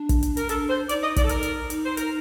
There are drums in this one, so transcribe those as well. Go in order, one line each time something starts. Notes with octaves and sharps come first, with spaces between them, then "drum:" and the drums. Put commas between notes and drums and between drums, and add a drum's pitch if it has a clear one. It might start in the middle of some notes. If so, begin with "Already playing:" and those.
Already playing: D4
drum: kick, hi-hat
drum: hi-hat
A#4, drum: hi-hat
D4 A4, drum: hi-hat
C5
D#4 D5, drum: hi-hat
D#5
D5, drum: kick, hi-hat
A4
A#4, drum: hi-hat
drum: hi-hat
D#4, drum: hi-hat
C5
A#4, drum: hi-hat